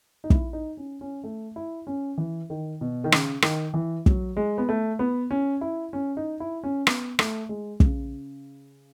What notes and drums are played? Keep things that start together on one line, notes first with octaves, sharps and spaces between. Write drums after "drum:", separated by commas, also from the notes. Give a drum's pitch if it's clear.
D#4
E4, drum: kick
D#4
C#4
C#4
A3
E4
C#4
E3
D#3
B2
D#3
C#3, drum: rim click
D#3, drum: rim click
E3
F#3, drum: kick
G#3
B3
A3
B3
C#4
E4
C#4
D#4
E4
C#4
B3, drum: rim click
A3, drum: rim click
G#3
C#3, drum: kick